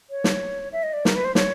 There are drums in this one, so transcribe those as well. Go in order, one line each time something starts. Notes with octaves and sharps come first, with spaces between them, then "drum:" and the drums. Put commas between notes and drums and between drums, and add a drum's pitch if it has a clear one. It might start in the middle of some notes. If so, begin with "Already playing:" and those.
C#5
drum: snare
E5
D#5
D5
A#4, drum: snare
B4
C5
C#5, drum: snare